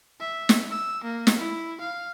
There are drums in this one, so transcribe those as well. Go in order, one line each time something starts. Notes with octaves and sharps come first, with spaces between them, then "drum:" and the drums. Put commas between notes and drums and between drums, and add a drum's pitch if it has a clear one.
E5
drum: snare
E6
A#3
drum: snare
E4
F5